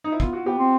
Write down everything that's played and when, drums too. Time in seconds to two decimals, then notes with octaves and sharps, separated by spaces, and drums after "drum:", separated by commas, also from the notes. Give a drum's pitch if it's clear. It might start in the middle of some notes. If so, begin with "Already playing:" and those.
0.04 D#4
0.12 E4
0.20 B3 F4, drum: kick
0.33 F#4
0.46 B3 G4
0.59 C4